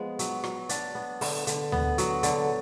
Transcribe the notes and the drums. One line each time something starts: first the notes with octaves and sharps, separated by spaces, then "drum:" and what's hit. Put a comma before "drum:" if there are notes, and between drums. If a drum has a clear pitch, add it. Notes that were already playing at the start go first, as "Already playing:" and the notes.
Already playing: F3 G#3 B3
F#3, drum: hi-hat
F#3, drum: rim click
D4, drum: hi-hat
B3
D3, drum: open hi-hat
D3, drum: hi-hat
B3, drum: tom D2
F#3, drum: hi-hat
D3, drum: hi-hat